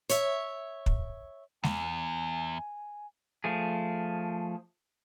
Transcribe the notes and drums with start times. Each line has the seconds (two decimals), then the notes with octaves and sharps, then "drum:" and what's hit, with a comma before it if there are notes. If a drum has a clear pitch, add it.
0.09 C#5 E5, drum: hi-hat
0.86 drum: kick
1.64 E2 G#5, drum: snare
3.44 F3 A3 G#4